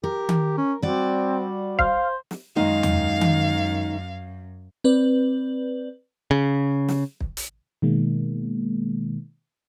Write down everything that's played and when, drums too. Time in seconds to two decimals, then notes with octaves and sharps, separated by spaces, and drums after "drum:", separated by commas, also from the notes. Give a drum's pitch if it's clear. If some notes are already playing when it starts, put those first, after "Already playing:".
0.04 G4 A#4
0.29 drum: tom D#3
0.58 C#4
0.82 G3 C4 F#4 D5
1.79 C5 F5, drum: kick
2.31 drum: snare
2.56 F#2 D#3 G#3 D#4 F5
2.83 drum: tom E2
3.21 drum: tom D#3
4.84 C4 B4 D5
6.31 C#3
6.88 drum: snare
7.21 drum: kick
7.37 drum: hi-hat
7.82 B2 D#3 G#3 A#3